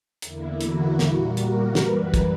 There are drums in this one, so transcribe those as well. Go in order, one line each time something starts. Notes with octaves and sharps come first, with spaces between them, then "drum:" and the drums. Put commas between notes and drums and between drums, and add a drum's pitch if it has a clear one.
E2 D3 A#3 E4, drum: hi-hat
F#4, drum: hi-hat
A#2 G3 A#3, drum: snare
A#4, drum: hi-hat
F#2 E3 G3 B4, drum: snare
drum: kick, hi-hat